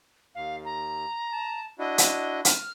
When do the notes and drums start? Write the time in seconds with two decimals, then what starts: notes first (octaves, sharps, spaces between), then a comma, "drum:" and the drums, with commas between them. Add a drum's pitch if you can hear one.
0.35 D#2 F5
0.65 A#5
1.32 A5
1.79 D4 E4 F#4 D#5
1.98 drum: hi-hat
2.45 F6, drum: hi-hat